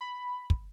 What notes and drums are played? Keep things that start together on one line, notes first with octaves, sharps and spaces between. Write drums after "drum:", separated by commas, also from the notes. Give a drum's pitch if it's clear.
B5
drum: kick